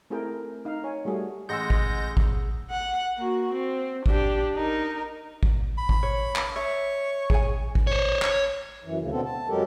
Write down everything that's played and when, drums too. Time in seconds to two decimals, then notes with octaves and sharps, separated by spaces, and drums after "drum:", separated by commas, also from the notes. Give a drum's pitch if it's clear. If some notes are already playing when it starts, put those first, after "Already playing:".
0.10 A3 C4 E4 G#4 A#4 G5
0.65 D#4 F5
0.84 C#5 G#5
1.05 G3 A3 F#4 G#4
1.49 A1 G#3 G#4 F#5 C6 E6 G6 A#6
1.70 drum: kick G#1
2.17 drum: kick G#1
2.70 F#5
3.18 A#3 F#4
3.53 C4
4.06 D4 G4, drum: kick G#1
4.56 D#4 A#4
5.43 drum: kick G#1
5.78 B5
5.89 drum: kick G#1
6.03 C#5
6.36 drum: clap
6.56 C#5 E5
7.30 G#4 G#5, drum: kick G#1
7.75 drum: kick G#1
7.87 C5 C#5
8.22 C#5, drum: clap
8.84 F#2 E3
8.99 D2 C#3
9.12 B2 D3 B3 C4 A4
9.26 A5
9.49 F#2 F#3 G#3 G4 A4 A#4